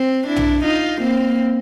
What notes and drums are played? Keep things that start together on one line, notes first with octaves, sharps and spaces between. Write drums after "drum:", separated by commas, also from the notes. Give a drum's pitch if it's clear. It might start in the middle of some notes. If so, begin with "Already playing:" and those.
Already playing: C4
D4 E4
drum: tom
D#4 F4
A#3 C4